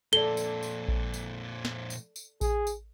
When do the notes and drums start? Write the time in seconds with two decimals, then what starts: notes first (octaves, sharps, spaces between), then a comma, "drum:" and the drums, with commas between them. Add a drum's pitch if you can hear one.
0.13 F2 A#2 A4 D5 G7
0.37 drum: tambourine
0.63 drum: tambourine
0.88 drum: kick A1
1.14 drum: tambourine
1.65 drum: snare
1.90 drum: tambourine
2.16 drum: tambourine
2.41 G#4, drum: kick A1, tambourine
2.67 drum: tambourine